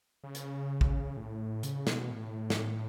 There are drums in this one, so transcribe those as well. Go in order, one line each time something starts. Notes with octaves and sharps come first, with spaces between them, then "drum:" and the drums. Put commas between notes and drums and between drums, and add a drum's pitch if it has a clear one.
C#3
drum: hi-hat
drum: kick
A2
C#3, drum: hi-hat
B2, drum: snare
A2
G#2, drum: snare
A2